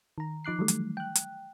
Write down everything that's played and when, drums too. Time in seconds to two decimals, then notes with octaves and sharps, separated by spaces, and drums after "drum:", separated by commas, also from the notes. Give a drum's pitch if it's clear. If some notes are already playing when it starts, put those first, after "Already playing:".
0.18 D#3 A#5
0.45 F3 D#4 D6 F#6 C7
0.59 D#3 E3 F#3 G3 A3
0.68 drum: hi-hat
0.97 G5 F#6
1.15 drum: hi-hat